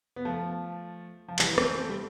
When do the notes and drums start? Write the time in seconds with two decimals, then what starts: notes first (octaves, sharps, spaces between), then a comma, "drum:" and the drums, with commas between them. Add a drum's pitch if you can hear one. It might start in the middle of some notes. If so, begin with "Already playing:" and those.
0.16 B3
0.25 F3 A3
1.28 F3
1.39 E3 G3, drum: clap
1.54 B3
1.58 A3 C4, drum: rim click
1.77 A3 C4
1.89 G3